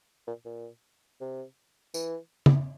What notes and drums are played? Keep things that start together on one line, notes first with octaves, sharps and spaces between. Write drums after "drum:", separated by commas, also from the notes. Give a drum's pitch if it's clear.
A#2
A#2
C3
E3, drum: tambourine
drum: tom C#3